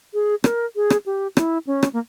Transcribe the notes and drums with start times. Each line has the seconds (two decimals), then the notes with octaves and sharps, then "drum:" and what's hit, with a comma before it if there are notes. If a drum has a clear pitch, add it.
0.14 G#4
0.44 A#4, drum: rim click
0.76 G#4
0.90 drum: rim click
1.06 G4
1.37 E4, drum: rim click
1.67 C#4
1.83 drum: rim click
1.93 A#3